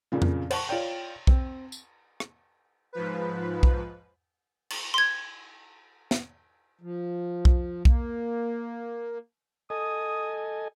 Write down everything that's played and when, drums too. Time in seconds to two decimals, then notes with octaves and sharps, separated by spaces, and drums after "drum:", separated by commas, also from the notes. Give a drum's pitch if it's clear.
0.12 F2 A#2 C#3 F3
0.22 drum: tom F2
0.50 C5 F#5 A5 C#6, drum: cymbal
0.69 F4 C#5 D5 G5
1.27 C4, drum: kick
1.72 drum: tambourine
2.20 drum: rim click
2.93 G#2 F3 B4
3.63 drum: kick
4.70 drum: cymbal
4.94 C6 G#6
6.11 drum: snare
6.81 F3
7.45 drum: kick
7.85 A#3, drum: kick
9.70 A4 D#5 G#5 D#6